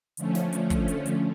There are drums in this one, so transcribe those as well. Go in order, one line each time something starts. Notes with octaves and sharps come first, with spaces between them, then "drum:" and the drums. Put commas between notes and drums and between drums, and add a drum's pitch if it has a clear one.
D3 F3 A3 C#4, drum: hi-hat
drum: snare
drum: hi-hat
drum: kick, hi-hat
drum: hi-hat
drum: hi-hat